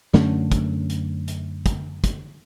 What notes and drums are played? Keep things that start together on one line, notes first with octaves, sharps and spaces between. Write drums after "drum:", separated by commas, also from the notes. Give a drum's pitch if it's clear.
F#2 D3 A3 C#4, drum: snare
drum: kick, hi-hat
drum: hi-hat
drum: hi-hat
drum: kick, hi-hat
drum: kick, hi-hat